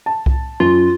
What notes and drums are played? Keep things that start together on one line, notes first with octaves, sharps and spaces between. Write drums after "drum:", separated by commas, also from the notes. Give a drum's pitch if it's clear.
A5
drum: kick C2
F#2 F4